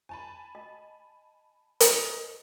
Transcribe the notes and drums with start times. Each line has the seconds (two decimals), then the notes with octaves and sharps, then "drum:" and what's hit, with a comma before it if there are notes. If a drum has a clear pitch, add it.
0.09 G#5 A5 B5
0.55 D#5
1.80 drum: hi-hat
1.91 A#4 C5 D#5